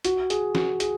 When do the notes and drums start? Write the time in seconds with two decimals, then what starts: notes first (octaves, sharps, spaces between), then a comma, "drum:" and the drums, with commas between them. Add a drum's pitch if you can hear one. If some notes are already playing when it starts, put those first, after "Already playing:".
0.05 F#4, drum: hi-hat
0.30 G#4, drum: hi-hat
0.55 F#4, drum: snare
0.80 G#4, drum: hi-hat